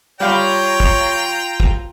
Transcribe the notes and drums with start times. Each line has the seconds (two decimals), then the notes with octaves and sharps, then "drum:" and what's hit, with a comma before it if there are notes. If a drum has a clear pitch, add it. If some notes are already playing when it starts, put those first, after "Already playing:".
0.20 G3 F4 C#5 F5 G5 A#5 B5
0.80 drum: kick
1.60 drum: kick